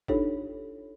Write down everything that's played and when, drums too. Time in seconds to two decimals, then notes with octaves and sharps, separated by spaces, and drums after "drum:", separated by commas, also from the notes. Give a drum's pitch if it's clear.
0.08 D4 D#4 F4 G4 A4 C#5, drum: kick F#1